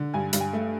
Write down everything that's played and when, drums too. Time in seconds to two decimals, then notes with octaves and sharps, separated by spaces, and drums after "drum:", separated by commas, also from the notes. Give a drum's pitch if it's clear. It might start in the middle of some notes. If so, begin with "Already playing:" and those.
Already playing: D3
0.14 G2 G#5
0.33 G2, drum: hi-hat
0.40 G#5
0.53 A3